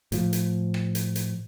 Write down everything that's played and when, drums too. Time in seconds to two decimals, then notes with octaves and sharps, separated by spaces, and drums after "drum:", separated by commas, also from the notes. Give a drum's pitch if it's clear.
0.12 A2 F3, drum: hi-hat
0.33 drum: hi-hat
0.74 drum: rim click
0.95 drum: hi-hat
1.16 drum: hi-hat